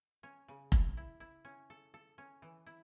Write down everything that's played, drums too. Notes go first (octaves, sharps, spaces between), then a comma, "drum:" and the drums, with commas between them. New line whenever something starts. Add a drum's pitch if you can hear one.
C#4
C#3
E4, drum: kick F1
E4
E4
C#4
A4
A4
C#4
E3
E4